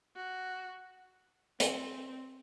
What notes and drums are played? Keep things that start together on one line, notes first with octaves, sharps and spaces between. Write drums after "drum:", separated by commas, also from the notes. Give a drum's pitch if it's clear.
F#4
C4, drum: hi-hat